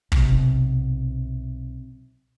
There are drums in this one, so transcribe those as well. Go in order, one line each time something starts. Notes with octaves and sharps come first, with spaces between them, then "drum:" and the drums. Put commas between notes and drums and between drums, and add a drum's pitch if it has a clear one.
B1 C3, drum: kick